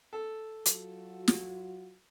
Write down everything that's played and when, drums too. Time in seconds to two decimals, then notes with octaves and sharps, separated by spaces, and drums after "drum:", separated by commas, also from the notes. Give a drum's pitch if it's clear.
0.13 A4
0.66 F#3 F4 F#4, drum: hi-hat
1.28 drum: snare